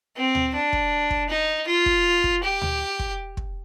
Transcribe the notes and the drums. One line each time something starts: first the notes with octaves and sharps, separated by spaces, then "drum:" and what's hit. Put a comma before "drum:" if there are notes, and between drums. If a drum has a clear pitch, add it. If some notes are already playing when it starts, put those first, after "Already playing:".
C4
drum: tom D2
D4
drum: kick
drum: kick
D#4
F4
drum: kick
drum: kick
G4
drum: tom D2
drum: kick
drum: kick